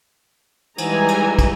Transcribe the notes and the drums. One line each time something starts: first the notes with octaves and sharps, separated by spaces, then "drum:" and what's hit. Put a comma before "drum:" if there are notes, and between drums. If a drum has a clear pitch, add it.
E3 G3 G#3 D#4 G#5 A#5, drum: cymbal
drum: cymbal
drum: kick, cymbal